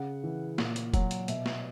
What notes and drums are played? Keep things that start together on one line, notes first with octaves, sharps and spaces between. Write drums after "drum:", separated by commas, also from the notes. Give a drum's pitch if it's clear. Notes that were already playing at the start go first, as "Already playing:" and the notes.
Already playing: C#3 F#5
E3
A#2, drum: snare
drum: hi-hat
F#3, drum: kick F1, hi-hat
drum: hi-hat
B2 E5, drum: hi-hat
drum: snare